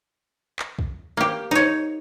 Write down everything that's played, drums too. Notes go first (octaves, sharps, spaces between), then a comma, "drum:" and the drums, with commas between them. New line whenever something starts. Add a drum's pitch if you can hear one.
drum: clap
drum: kick
A#3 G4
D#4 C#5